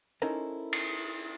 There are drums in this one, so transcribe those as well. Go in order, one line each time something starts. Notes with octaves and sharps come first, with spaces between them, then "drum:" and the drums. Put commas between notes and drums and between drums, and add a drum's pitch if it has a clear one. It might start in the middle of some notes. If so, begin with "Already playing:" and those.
C#4 D#4 E4 A4 A#4 C5
drum: cymbal